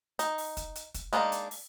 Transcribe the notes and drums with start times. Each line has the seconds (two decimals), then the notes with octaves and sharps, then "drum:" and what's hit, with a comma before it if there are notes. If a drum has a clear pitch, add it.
0.19 D#4, drum: hi-hat
0.38 drum: open hi-hat
0.57 drum: kick, hi-hat
0.76 drum: hi-hat
0.94 drum: kick, hi-hat
1.13 G#3 A#3 B3 D4 D#4, drum: snare
1.32 drum: hi-hat
1.51 drum: open hi-hat